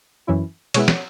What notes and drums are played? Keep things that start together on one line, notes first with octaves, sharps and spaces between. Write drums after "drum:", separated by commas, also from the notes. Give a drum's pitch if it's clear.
F#2 E3 C#4 E4
B2 G#3 B3 E4 C#5 F#5, drum: cymbal
drum: snare